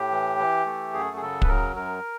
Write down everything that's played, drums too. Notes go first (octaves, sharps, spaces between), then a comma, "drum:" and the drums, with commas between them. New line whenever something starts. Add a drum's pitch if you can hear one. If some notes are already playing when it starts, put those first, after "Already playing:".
Already playing: A2 G4
E3
E3
A3
F#2 G#4
G#4
C#3 A4
B4, drum: kick
F#3 A#4
F#2 A#4